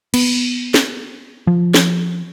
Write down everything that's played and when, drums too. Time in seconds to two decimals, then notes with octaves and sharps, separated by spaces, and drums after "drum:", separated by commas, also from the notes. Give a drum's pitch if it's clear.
0.14 B3, drum: cymbal
0.74 drum: snare
1.47 F3
1.74 drum: snare